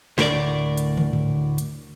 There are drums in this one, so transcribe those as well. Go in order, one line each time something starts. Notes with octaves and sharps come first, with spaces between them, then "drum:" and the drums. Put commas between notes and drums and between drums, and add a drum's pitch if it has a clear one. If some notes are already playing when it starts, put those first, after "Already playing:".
D2 A2 A#4 D5, drum: snare
drum: hi-hat
drum: tom
drum: tom G#2
drum: hi-hat